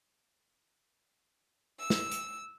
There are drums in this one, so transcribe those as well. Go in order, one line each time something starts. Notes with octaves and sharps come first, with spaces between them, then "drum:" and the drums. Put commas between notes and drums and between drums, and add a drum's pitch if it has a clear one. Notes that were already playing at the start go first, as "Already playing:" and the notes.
E6
drum: snare
drum: hi-hat